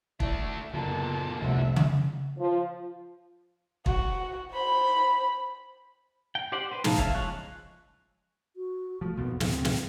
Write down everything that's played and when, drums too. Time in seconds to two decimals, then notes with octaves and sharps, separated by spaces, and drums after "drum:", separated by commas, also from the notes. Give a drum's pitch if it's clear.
0.20 A3 D4 E4 D5 E5, drum: kick
0.74 F#1 A#2 D3 B3 G5 A5
1.41 F1 C2 E5 F#5
1.76 drum: tom C#3
2.38 F3
3.86 F#4, drum: kick
4.53 C5 B5
6.35 G5
6.52 G4 C5 D5 F#5
6.72 B4 C5
6.84 A3 D#4 F5 A5, drum: snare
6.98 C#3 C#5 E5 F5 A5, drum: kick
7.15 F3 G#3 C#6 F#6
8.56 F#4
9.01 F3 A3
9.17 B1 F2 A#2 B3
9.40 D2 C#3 C4, drum: snare
9.65 drum: snare